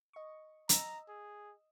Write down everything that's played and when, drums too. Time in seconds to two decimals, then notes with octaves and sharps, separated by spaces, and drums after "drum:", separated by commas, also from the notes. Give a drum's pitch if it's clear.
0.13 D#5 C#6
0.69 D#5 A#5 E6, drum: hi-hat
1.08 G#4